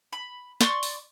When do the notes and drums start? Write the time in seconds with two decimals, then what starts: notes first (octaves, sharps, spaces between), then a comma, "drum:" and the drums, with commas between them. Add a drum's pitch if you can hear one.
0.13 B5
0.61 D5 C6 C#6, drum: snare
0.83 drum: open hi-hat